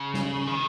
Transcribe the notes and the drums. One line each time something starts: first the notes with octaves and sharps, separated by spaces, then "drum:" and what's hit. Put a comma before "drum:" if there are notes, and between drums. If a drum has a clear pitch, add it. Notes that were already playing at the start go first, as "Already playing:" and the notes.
Already playing: C#3
drum: snare G3
D#3